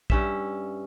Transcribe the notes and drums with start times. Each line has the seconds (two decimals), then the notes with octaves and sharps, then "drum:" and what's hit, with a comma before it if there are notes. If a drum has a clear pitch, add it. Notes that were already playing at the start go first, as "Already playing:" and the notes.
0.10 G2 C#4 E5, drum: kick